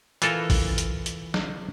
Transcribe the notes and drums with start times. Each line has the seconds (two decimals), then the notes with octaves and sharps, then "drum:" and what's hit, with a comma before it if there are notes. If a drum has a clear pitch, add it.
0.22 E3 F4 A4 A#4, drum: hi-hat
0.50 drum: kick, open hi-hat
0.78 drum: hi-hat
1.06 drum: hi-hat
1.34 drum: snare